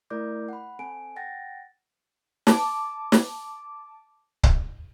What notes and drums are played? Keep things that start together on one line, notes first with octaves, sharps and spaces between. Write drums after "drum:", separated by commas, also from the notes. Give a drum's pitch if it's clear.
A3 E4 A#4 D5 D6 G6
F#5 B5
C4 A4 G#5 D7
F#5 G5 A6 A#6
A5 D6, drum: snare
drum: snare
drum: kick C#1